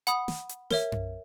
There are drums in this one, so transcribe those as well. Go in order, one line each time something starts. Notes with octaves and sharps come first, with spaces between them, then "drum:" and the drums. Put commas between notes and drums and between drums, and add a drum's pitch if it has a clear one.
F#5 B5 D#6, drum: hi-hat
drum: snare
drum: hi-hat
A#4 C#5 E5, drum: snare
drum: tom F#2